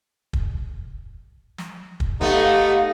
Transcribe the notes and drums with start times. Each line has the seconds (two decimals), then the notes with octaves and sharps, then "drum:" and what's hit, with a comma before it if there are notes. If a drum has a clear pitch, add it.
0.33 drum: kick
1.58 drum: snare
2.00 drum: kick
2.21 A3 B3 D#4 G4 F5 F#5